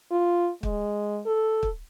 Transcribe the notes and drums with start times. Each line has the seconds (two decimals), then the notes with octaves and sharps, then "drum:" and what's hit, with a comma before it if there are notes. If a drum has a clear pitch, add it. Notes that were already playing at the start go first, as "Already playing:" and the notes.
0.11 F4
0.63 G#3, drum: kick
1.26 A4
1.63 drum: kick